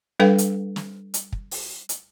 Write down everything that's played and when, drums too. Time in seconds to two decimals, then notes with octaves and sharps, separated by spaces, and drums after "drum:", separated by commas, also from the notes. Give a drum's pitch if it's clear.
0.20 G3 D4 A4 B4 F5 G5
0.38 drum: hi-hat
0.76 drum: snare
1.14 drum: hi-hat
1.32 drum: kick
1.51 drum: open hi-hat
1.89 drum: hi-hat